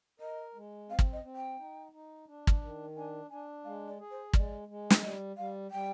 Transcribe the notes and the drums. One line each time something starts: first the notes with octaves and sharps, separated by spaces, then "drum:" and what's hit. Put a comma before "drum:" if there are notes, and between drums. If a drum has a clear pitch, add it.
A#4 D#5
G#3
C4 F5
drum: kick
D#5
C4
G5
D#4
D#4
D4
drum: kick
D#3
D4 G#5
D4 G#5
G#3 F5
D5
G#4
C5
G#3 D5, drum: kick
G#3
drum: snare
G3 D#5
G3 F5
G3 G5